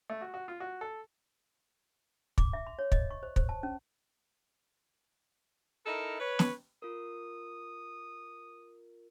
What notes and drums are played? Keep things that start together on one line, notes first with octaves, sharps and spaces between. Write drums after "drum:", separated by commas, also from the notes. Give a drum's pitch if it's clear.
A3
F#4
F#4
F4
F#4
A4
D6, drum: kick
E5
C6
C#5
D#5, drum: kick
C#6
C5
C5, drum: kick
A5
C#4
D#4 E4 A4 A#4
B4 C#5
drum: snare
F4 A#4 D#6